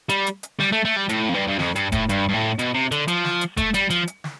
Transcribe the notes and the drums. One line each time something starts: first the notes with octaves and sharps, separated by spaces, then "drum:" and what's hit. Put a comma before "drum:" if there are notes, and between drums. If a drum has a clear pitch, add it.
G3, drum: hi-hat
drum: hi-hat
drum: hi-hat
G3, drum: snare
A3
A3
G3
A2, drum: hi-hat
F2
G2
G2
F2, drum: snare
G2, drum: hi-hat
A2, drum: kick E1, hi-hat
G2, drum: hi-hat
G2
A2
B2, drum: hi-hat
C3
D3, drum: hi-hat
F3, drum: hi-hat
drum: snare
drum: hi-hat
A3, drum: kick E1, hi-hat
G3, drum: hi-hat
F3, drum: hi-hat
drum: hi-hat
drum: snare